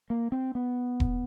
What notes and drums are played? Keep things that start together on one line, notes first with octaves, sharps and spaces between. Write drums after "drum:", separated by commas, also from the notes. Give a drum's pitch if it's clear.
A#3
C4
B3
drum: kick E1